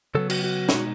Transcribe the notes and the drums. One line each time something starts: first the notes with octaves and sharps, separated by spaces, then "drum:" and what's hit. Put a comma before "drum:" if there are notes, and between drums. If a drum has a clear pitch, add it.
C#3 F#3 B3 A4
F#4, drum: cymbal
F#4
E4, drum: snare
B2 G#3 D#4 F#4